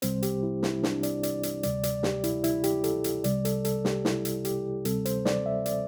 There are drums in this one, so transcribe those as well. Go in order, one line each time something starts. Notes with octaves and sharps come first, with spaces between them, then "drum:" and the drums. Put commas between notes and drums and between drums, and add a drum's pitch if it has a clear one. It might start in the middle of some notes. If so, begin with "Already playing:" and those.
C2 C3 G3 C4 C5, drum: hi-hat
G4, drum: hi-hat
E4
E4, drum: snare
D4, drum: snare
D5, drum: hi-hat
D5, drum: hi-hat
drum: hi-hat
D2 C3 G3 D5, drum: hi-hat
D5, drum: hi-hat
G4, drum: snare
E4, drum: hi-hat
E4, drum: hi-hat
G4, drum: hi-hat
A4, drum: hi-hat
drum: hi-hat
C2 C3 G3 D5, drum: hi-hat
A4, drum: hi-hat
A4, drum: hi-hat
G4, drum: snare
E4, drum: snare
drum: hi-hat
G4, drum: hi-hat
D2 C3 G3 C4 A4, drum: hi-hat
C5, drum: hi-hat
D5, drum: snare
E5
D5, drum: hi-hat